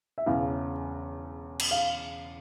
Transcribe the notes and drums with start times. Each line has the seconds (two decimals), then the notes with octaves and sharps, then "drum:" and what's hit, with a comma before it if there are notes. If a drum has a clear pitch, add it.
0.18 E5
0.26 E1 E2 C#3 F5
1.60 drum: cymbal
1.71 F5